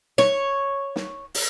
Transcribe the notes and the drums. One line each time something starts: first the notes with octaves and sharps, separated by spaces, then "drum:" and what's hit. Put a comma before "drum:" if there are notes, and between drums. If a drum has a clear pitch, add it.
C#5, drum: snare
drum: snare
drum: open hi-hat